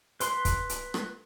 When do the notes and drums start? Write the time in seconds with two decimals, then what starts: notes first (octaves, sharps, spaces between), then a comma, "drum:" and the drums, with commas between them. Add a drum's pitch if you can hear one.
0.20 B4 C6, drum: hi-hat
0.45 drum: kick, hi-hat
0.69 drum: hi-hat
0.94 drum: rim click